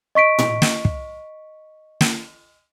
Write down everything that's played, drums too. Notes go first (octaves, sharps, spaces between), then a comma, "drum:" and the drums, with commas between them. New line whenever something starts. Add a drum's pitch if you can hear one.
D#5 C#6 B6 D7
drum: tom A2
drum: snare
drum: kick
drum: snare